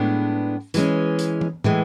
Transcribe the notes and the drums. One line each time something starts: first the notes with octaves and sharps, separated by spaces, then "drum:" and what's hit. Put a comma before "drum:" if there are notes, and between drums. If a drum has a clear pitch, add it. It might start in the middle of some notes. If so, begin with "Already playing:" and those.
Already playing: A2 G#3 B3 D4
E3 G#3 C#4, drum: hi-hat
drum: hi-hat
drum: tom E3
A2 E3 G#3, drum: tom